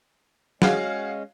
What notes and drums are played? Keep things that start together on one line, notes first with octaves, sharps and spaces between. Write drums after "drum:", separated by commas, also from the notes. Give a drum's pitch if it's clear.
G#3 C#4 F#4 G#4 F5, drum: snare